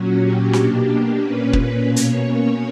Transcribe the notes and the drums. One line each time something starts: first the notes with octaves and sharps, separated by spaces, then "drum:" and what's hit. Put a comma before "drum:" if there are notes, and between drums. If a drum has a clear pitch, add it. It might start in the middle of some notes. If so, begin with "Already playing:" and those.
Already playing: A#2 F#3 C#4 F#4
G4
B2 A#3 D4, drum: snare
A#2 A#3 C#4 B4
drum: kick
B2 A#3 C#4 C#5
drum: hi-hat